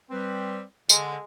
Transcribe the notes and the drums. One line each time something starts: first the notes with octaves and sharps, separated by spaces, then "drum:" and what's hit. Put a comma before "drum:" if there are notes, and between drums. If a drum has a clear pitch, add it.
G3 C4 B4
D3 G#3, drum: tambourine